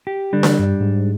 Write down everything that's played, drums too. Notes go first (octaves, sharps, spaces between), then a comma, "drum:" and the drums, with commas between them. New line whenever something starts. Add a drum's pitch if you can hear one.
G4
D3 G3 D4
drum: snare D4
G2
G#2